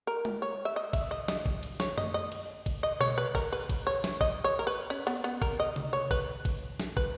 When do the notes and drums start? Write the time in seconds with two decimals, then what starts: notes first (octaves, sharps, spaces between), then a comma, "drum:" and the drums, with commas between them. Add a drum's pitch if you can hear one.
0.07 A#4
0.25 drum: tom G#3
0.42 C#5
0.65 E5
0.76 D#5
0.93 E5, drum: kick, cymbal
1.11 D#5
1.28 D#5, drum: snare
1.46 drum: kick
1.63 drum: cymbal
1.80 C#5, drum: snare
1.98 D#5, drum: tom F#2
2.14 D#5
2.32 drum: cymbal
2.66 drum: kick, cymbal
2.83 D#5
3.01 C#5, drum: tom B2
3.18 B4
3.35 A#4, drum: kick, cymbal
3.52 B4
3.70 drum: kick, cymbal
3.87 C#5
4.04 drum: snare
4.21 D#5, drum: kick
4.44 C#5
4.59 A#4
4.67 B4
4.90 C#4
5.07 B3, drum: cymbal
5.24 B3
5.42 A#4, drum: kick, cymbal
5.60 D#5
5.76 drum: tom C3
5.93 C#5
6.11 B4, drum: kick, cymbal
6.45 drum: kick, cymbal
6.80 drum: snare
6.97 B4, drum: kick